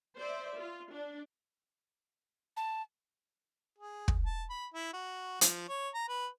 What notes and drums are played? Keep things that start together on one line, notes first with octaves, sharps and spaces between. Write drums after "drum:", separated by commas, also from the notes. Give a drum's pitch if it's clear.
C5 D5 E5
F4
D4
A5
G#4
drum: kick
A5
B5
E4
F#4
F3, drum: hi-hat
C#5
A#5
B4